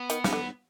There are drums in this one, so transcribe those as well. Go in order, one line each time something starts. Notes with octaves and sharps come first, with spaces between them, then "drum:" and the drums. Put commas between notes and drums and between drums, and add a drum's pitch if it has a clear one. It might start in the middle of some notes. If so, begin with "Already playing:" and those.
Already playing: B3
D#3, drum: hi-hat
C#3, drum: snare
D3